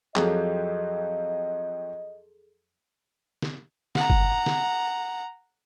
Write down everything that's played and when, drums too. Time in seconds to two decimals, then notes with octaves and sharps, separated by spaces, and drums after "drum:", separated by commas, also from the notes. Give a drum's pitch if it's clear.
0.16 F2 F3 F#3 G#4 A4 D#5, drum: clap
3.42 drum: snare
3.95 F#5 A#5, drum: snare
4.10 drum: kick F#1
4.46 drum: snare